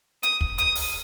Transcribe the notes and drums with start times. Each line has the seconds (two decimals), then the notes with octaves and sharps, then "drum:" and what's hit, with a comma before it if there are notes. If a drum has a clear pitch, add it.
0.23 D#6, drum: hi-hat
0.41 drum: kick
0.58 D#6, drum: hi-hat
0.75 drum: open hi-hat